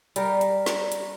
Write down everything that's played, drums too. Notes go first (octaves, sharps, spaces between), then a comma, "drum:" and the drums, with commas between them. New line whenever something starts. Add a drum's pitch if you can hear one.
G3 A#4, drum: hi-hat
drum: hi-hat
drum: snare
drum: hi-hat